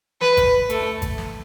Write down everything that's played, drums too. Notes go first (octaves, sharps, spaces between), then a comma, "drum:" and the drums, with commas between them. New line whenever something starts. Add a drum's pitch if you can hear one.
B4, drum: snare
drum: kick G#1, hi-hat
A3, drum: hi-hat
drum: kick G#1, hi-hat
drum: snare